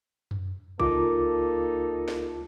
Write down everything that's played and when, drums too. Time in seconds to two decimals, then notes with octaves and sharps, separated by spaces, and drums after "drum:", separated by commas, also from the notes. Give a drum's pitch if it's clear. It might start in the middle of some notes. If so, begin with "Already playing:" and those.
0.31 drum: tom F#2
0.80 C#2 A#3 D#4 F4 A4 D6, drum: kick A#1
2.08 drum: snare